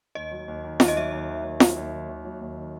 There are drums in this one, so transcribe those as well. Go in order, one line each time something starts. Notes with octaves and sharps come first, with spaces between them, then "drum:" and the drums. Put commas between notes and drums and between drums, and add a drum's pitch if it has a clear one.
D#2 D#5
F#3
D#2
D#3
D#2 E5, drum: snare
D#5
F#3 E5
D#2
D#3
D#2
F#3, drum: snare
D#2
D#3
D#2
F#3
D#2
D#3